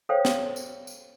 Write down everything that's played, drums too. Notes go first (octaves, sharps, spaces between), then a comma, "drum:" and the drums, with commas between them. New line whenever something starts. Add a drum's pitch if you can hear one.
A4 C5 C#5 F5 G5
drum: snare
drum: tambourine
drum: tambourine